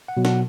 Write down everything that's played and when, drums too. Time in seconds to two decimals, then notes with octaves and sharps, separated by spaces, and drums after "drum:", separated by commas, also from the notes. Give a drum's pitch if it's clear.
0.08 F#5
0.17 B2 F#3
0.25 F#5, drum: snare